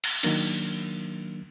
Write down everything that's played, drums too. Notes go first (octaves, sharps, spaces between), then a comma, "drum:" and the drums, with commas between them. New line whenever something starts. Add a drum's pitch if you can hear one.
drum: cymbal
D#3 F#3 A#3 D4, drum: cymbal